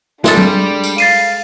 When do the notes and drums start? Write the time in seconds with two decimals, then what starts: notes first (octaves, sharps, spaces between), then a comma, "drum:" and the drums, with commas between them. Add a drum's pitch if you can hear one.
0.24 G3 G#3 D4 A4, drum: snare
0.37 drum: tom F#3
0.84 drum: tambourine
0.98 F5 A6 C7 D#7, drum: open hi-hat